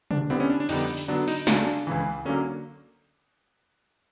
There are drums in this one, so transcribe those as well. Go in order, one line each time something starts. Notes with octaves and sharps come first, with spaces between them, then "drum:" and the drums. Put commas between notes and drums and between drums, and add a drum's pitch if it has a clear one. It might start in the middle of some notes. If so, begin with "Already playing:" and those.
D4, drum: tom
D3 G3 B3 C4 E4
C#4
D4
D4
F2 D3 G3 B3 D#4, drum: cymbal
drum: open hi-hat
D3 F#3 B3 D4
D#4, drum: cymbal
C#3 F#3 A3 D4, drum: snare
C#2 C#3 E3
D3 F#3 A#3 C#4